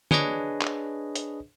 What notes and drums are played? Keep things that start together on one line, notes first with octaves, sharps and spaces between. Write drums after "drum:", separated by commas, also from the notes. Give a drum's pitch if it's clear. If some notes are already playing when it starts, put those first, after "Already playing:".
D4 G#4 B4 C#5 D#5, drum: tom
drum: clap
drum: hi-hat